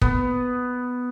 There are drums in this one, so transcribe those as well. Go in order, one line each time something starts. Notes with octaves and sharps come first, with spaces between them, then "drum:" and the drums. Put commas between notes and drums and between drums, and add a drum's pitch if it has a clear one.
B3, drum: kick